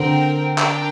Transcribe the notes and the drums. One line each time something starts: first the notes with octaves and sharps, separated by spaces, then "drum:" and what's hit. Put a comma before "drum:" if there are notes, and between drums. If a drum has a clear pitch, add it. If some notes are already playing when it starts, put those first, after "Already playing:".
Already playing: D3 C4 A#4 G5
D4 A#4 G5, drum: clap